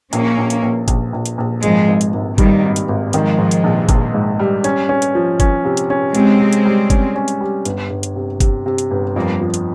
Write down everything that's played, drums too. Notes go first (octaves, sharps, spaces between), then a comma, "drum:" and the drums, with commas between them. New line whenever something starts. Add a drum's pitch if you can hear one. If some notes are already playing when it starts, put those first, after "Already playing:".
A#1 A#3 C#4, drum: hi-hat
A#1
drum: hi-hat
A#1
A#1, drum: kick, hi-hat
A#1
drum: hi-hat
A#1
G#1 F3 G#3, drum: hi-hat
G#1
drum: hi-hat
G#1
G2 D#3 G3, drum: kick, hi-hat
G#1
drum: hi-hat
G#1
D#3 F3 G#3, drum: hi-hat
G#2
drum: hi-hat
A#1
A#1, drum: kick, hi-hat
G#2
G3
C#4, drum: hi-hat
C#4
drum: hi-hat
F3
C#4, drum: kick, hi-hat
C3
drum: hi-hat
C#4
C3 G#3 C4, drum: hi-hat
C3
drum: hi-hat
G3
C#4, drum: kick, hi-hat
C#4
drum: hi-hat
G3
G1, drum: hi-hat
G1
drum: hi-hat
C3
C3, drum: kick, hi-hat
C3
drum: hi-hat
G1
F2 G3 A#3
F3
drum: hi-hat